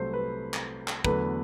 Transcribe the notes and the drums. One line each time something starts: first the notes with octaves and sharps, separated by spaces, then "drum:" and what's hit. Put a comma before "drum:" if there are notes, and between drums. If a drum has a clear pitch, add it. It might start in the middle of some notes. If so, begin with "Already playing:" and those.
Already playing: C2 C3 F#3 A3 C5
B4
drum: clap
drum: clap
E2 D3 F#3 A3 B4, drum: kick